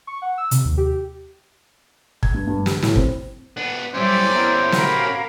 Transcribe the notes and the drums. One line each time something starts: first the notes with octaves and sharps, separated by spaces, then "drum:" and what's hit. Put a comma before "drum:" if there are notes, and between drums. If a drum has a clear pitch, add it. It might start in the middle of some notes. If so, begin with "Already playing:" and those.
C#6
F#5
E6
C3, drum: hi-hat
D#2
G4
G#6, drum: kick
G2
G2
G4, drum: snare
A2, drum: snare
C4, drum: kick
B3 D4
F#3 G3 C#4 E4 G4 C5 D5
B3 E4 A#4
F#4 A#4 F5 B5, drum: snare